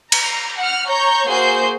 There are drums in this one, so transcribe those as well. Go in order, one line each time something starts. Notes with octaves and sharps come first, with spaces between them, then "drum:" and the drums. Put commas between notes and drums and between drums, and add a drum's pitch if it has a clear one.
A#5, drum: cymbal
F#5 F6
C#5 A#5 C#6 G6
A#3 F#4 G#4 C5 C6 G6